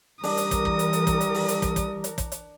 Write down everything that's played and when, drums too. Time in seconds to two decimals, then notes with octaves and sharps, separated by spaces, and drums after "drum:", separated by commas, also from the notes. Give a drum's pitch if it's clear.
0.23 E3 G3 D4 A#4 D#6, drum: open hi-hat
0.37 drum: hi-hat
0.51 drum: kick, hi-hat
0.65 drum: kick
0.79 drum: hi-hat
0.93 drum: hi-hat
1.07 drum: kick, hi-hat
1.21 drum: hi-hat
1.34 drum: open hi-hat
1.48 drum: hi-hat
1.62 drum: kick, hi-hat
1.76 drum: kick, hi-hat
2.04 drum: hi-hat
2.18 drum: kick, hi-hat
2.32 drum: hi-hat